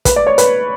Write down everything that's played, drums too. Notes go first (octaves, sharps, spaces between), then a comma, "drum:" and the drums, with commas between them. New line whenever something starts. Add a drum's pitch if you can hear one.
B4, drum: kick, hi-hat
D5
C#5
B4, drum: hi-hat